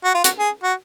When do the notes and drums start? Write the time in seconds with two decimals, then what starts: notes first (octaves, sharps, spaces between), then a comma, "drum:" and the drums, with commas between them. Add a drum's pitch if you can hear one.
0.04 F#4
0.14 F4
0.24 F#4, drum: hi-hat
0.39 G#4
0.63 F#4